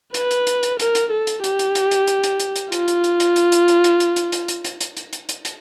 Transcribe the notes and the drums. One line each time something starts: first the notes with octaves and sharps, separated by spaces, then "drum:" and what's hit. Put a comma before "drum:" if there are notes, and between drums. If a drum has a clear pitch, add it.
B4, drum: hi-hat
drum: hi-hat
drum: hi-hat
drum: hi-hat
A#4, drum: hi-hat
drum: hi-hat
A4
drum: hi-hat
G4, drum: hi-hat
drum: hi-hat
drum: hi-hat
drum: hi-hat
drum: hi-hat
drum: hi-hat
drum: hi-hat
drum: hi-hat
F4, drum: hi-hat
drum: hi-hat
drum: hi-hat
drum: hi-hat
drum: hi-hat
drum: hi-hat
drum: hi-hat
drum: hi-hat
drum: hi-hat
drum: hi-hat
drum: hi-hat
drum: hi-hat
drum: hi-hat
drum: hi-hat
drum: hi-hat
drum: hi-hat
drum: hi-hat
drum: hi-hat